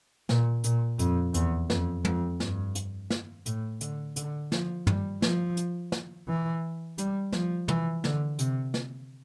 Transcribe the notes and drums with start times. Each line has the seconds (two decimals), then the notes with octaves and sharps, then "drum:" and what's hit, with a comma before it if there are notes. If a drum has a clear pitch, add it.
0.29 A#2, drum: snare
0.64 A#2, drum: hi-hat
0.99 F2, drum: hi-hat
1.34 E2, drum: hi-hat
1.70 F2, drum: snare
2.05 F2, drum: tom
2.40 G2, drum: snare
2.75 drum: hi-hat
3.10 drum: snare
3.46 A2, drum: hi-hat
3.81 D3, drum: hi-hat
4.16 D3, drum: hi-hat
4.52 F3, drum: snare
4.87 G3, drum: tom G2
5.22 F3, drum: snare
5.57 drum: hi-hat
5.92 drum: snare
6.28 E3
6.98 G3, drum: hi-hat
7.32 F3, drum: snare
7.68 E3, drum: tom
8.04 D3, drum: snare
8.39 C3, drum: hi-hat
8.74 drum: snare